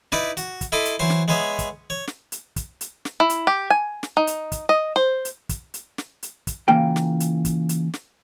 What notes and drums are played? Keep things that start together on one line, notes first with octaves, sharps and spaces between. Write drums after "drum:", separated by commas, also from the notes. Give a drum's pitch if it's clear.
D#4 E4 B4 D5, drum: snare
F#4, drum: hi-hat
drum: kick, hi-hat
E4 A4 D#5 B5 C6 D6
drum: hi-hat
E3 F#3 C5 C6
drum: snare
G#3 B3 G#4 C#5 E5
drum: kick, hi-hat
C#5
drum: snare
drum: hi-hat
drum: kick, hi-hat
drum: hi-hat
drum: snare
E4
drum: hi-hat
G4
G#5
drum: snare
D#4
drum: hi-hat
drum: kick, hi-hat
D#5
C5
drum: hi-hat
drum: kick, hi-hat
drum: hi-hat
drum: snare
drum: hi-hat
drum: kick, hi-hat
C#3 E3 A#3 F4 G5
drum: snare
drum: hi-hat
drum: kick, hi-hat
drum: hi-hat
drum: snare